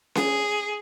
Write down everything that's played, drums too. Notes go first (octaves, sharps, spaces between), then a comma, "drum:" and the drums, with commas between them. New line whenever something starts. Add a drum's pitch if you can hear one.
G#4, drum: snare C#4